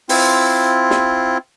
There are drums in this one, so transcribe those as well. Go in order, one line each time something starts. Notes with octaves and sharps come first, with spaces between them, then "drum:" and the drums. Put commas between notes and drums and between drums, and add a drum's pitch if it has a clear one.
C4 E4 F4, drum: open hi-hat
drum: snare